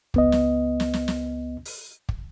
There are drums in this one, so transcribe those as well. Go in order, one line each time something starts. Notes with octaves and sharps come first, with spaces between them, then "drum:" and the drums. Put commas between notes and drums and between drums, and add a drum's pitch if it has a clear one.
C#2 B3 D#5, drum: kick
drum: snare
drum: snare
drum: snare
drum: snare
drum: open hi-hat
drum: kick